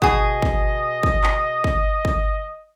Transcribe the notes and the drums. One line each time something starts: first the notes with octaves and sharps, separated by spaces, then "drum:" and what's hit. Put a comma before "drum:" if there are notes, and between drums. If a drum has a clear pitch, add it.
B2 G#4 D#5, drum: kick
drum: kick
drum: kick
drum: clap
drum: kick
drum: kick